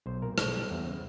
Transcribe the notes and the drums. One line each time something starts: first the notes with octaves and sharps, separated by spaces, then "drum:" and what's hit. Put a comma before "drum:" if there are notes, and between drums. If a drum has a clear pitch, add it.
B1 C5
A#2 A#4
B1 A4, drum: rim click
G3
E2
C#3